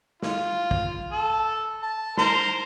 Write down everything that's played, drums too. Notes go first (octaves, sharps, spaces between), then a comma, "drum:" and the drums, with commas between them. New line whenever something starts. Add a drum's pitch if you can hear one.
F4, drum: snare
drum: kick
A4
A5
A#4 C5 C6, drum: snare